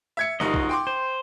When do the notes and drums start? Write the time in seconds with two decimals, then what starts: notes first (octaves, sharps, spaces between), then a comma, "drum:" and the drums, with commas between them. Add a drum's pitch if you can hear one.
0.17 E5 G#6 C#7
0.40 F#1 G3 D#4 F4 F#4 D#5
0.54 drum: kick B1
0.69 G5 C6 D6
0.87 C5